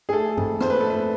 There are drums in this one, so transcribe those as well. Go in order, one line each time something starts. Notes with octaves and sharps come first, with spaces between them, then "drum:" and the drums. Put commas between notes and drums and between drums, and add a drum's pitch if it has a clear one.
G#4
A3 A4
F2, drum: tom G2
F2 C5, drum: rim click
B4
A3 A4
B4